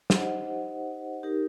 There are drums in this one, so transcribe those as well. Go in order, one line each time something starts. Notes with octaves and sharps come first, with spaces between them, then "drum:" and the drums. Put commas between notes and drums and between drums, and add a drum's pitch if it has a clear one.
D#4 G4 C5 D#5 F#5, drum: snare
D#4 G4 A#4